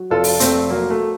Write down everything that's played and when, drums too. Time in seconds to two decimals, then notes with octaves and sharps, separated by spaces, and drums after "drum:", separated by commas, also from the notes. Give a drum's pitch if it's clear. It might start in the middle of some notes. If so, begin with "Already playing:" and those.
Already playing: F#3
0.10 F1 F4 A4
0.24 drum: open hi-hat
0.40 F1 A3 C4, drum: hi-hat
0.70 F#3 A#3
0.90 A3